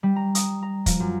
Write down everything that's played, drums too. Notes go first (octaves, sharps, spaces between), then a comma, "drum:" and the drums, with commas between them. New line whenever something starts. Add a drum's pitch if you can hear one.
G3
A#5
D#6, drum: hi-hat
A#5
F3, drum: kick, hi-hat
F#2